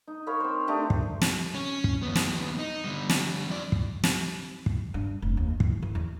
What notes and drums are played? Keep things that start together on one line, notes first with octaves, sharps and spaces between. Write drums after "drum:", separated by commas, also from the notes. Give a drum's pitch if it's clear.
D#4
A#4 C#5 F5 B5
C4 C5
A3 D4 D#4 G4
drum: kick
drum: snare
C#4
drum: kick
D#2 B3
drum: snare
D#4
D3 G3
drum: snare
F2 D5
drum: kick
drum: snare
drum: kick
G2
F1
D#2
E3, drum: kick
E3
E2